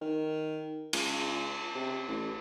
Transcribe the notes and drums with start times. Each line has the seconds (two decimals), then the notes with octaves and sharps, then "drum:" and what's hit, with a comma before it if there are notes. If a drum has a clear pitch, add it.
0.02 D#3
0.93 C#2, drum: cymbal
1.76 C3
2.08 A1